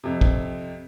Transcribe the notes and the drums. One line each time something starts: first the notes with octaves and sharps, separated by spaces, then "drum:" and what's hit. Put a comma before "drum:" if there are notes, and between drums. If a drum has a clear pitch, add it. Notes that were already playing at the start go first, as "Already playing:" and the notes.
F2 C3
drum: kick